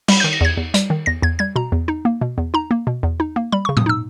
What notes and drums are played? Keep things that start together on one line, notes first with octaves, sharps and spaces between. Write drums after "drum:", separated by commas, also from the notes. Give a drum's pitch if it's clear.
G3 B5, drum: cymbal
G6
D#3
A#6
E2 G#6
E2
G3, drum: hi-hat
D#3
E2 A#6
E2 G#6
G3 G#6
B2 A#5
E2
D#4
A#3
B2
E2
D#4 A#5
A#3
B2
E2
D#4
A#3
G3 B5
C#6
C#3
D#6, drum: tom A2
D#4 E6